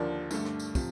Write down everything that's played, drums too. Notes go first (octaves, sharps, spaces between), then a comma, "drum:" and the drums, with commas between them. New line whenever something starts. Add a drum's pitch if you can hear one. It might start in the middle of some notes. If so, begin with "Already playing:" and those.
Already playing: D#2 D3 F3 A#3 D5
G2 D3 A3, drum: tambourine
drum: rim click
drum: tambourine
C3 F3, drum: kick, tambourine